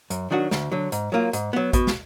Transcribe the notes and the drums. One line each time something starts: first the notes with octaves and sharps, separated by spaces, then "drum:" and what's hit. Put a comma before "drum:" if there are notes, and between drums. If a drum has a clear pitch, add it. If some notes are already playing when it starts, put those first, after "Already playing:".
F#2, drum: hi-hat
D#3 F#3 D4 F#4
D2, drum: snare
D3 F#3
G#2, drum: hi-hat
F#3 A#3 F4
G#2, drum: hi-hat
F#3 B3
B2, drum: kick, hi-hat
drum: snare